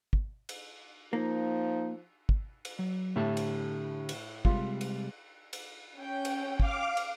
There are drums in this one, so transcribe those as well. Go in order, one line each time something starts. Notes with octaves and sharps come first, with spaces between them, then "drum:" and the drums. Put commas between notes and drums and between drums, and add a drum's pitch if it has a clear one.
drum: kick
drum: cymbal
F3 A#3 D#4
drum: kick
drum: cymbal
F#3
A2 D3 G4 A5
drum: cymbal
drum: cymbal
C3 G3 G#3 F4, drum: kick
drum: cymbal
drum: cymbal
C#4 G5
drum: cymbal
F5 D6, drum: kick
drum: cymbal